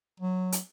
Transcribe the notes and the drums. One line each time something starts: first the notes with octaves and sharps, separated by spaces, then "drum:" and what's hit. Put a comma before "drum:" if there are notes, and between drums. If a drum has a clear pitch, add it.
F#3
drum: hi-hat